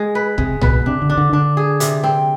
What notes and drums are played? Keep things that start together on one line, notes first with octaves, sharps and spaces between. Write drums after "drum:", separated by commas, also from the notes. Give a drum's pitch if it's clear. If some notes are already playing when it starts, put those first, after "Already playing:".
Already playing: G#3
B4
C3 G#3, drum: kick
B2 B4, drum: tom
C3 D4
D3
D4
D3
D3 D4
G#4
C3, drum: hi-hat
C4